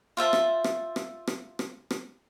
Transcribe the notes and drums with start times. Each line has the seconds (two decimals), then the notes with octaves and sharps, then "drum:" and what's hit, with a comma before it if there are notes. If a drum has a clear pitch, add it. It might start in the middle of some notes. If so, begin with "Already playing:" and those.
0.17 F4 C5 E5 A5
0.33 drum: rim click
0.64 drum: rim click
0.96 drum: rim click
1.27 drum: rim click
1.59 drum: rim click
1.91 drum: rim click